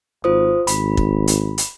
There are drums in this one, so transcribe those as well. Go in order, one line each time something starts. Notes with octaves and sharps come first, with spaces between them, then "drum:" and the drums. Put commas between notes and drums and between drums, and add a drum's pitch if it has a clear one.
G#1 F4 C5 D#6
G#1 B5, drum: hi-hat
drum: kick
drum: hi-hat
drum: hi-hat